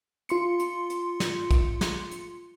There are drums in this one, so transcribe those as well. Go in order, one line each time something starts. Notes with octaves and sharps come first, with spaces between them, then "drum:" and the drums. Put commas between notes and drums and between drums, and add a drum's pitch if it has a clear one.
F4 C6 C#7, drum: hi-hat
drum: hi-hat
drum: hi-hat
drum: snare
drum: kick, hi-hat
drum: snare
drum: hi-hat